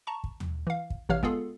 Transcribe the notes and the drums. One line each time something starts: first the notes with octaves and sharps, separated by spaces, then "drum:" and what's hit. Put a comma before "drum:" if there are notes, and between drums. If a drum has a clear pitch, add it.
A5 A#5 C#6
drum: kick
drum: tom D#2
E3 F5
drum: kick
A1 C3 E3 C#5 F5 F6
G#3 B3 F4 G#4 A4, drum: kick